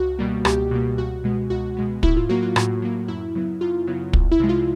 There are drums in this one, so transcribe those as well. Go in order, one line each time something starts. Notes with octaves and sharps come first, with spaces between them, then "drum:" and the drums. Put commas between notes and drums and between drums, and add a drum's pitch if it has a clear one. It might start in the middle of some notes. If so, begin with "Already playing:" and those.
Already playing: C#2 F#4
B2 G3 A#3
C#2 G4, drum: rim click
B2 G3 A#3
C#2 F#4
B2 G#3 B3
C#2 F#4
B2 G#3 B3
A2 E4, drum: kick
F4
F#3 A#3 F#4
F4
A2, drum: rim click
F#3 A#3
F#2 E4
C#3 F#3 B3
F#2 F4
C#3 F#3 B3
C2, drum: kick
E4
C3 F3 G#3
F4